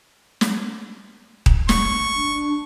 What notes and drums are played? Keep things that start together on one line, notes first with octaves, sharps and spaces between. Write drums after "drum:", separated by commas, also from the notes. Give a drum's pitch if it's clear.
drum: snare
drum: kick D#1
C#6, drum: snare
D4